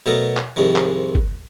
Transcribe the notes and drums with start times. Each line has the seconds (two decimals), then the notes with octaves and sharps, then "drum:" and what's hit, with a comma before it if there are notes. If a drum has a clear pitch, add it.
0.06 B2 F#3 A3 B3 A4 A#4
0.37 drum: clap
0.56 C2 G#2 C3 D#3 F3
0.76 drum: clap
1.15 drum: kick